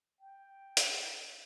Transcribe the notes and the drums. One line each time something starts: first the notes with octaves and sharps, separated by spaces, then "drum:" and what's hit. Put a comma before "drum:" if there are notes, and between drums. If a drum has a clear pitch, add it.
G5
drum: hi-hat